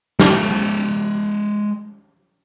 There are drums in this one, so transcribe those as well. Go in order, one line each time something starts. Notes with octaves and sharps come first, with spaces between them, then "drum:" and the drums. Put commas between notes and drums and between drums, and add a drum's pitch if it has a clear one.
G#3 E5, drum: snare